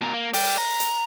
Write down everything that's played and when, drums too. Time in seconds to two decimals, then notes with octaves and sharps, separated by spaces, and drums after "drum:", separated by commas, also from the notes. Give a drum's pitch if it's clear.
0.01 B2 A#4
0.13 A#3
0.33 D5 G5, drum: open hi-hat
0.58 A#5
0.80 drum: hi-hat